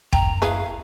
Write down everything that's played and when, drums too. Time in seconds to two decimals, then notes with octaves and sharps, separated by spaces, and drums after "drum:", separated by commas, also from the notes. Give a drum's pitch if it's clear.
0.13 F#2 G5 A#5, drum: kick
0.42 E4 G#4 B4 F5